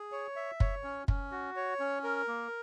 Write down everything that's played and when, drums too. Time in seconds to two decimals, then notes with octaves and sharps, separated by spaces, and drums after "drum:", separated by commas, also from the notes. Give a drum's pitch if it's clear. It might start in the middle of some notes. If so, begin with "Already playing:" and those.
Already playing: G#4
0.12 C#5
0.36 E5
0.60 C#5, drum: kick
0.84 C#4
1.08 C#4, drum: kick
1.32 F#4
1.56 C#5
1.80 C#4
2.04 A#4
2.28 A#3